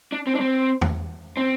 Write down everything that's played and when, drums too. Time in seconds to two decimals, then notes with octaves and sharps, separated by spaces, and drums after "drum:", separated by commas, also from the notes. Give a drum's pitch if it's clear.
0.12 D4
0.27 C4
0.35 D4
0.40 C4
0.81 drum: tom E2
1.37 C4